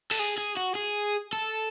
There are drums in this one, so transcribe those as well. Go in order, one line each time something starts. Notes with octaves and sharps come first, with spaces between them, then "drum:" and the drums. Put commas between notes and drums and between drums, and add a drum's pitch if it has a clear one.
A4, drum: open hi-hat
G#4
G#4
F#4
G#4
A4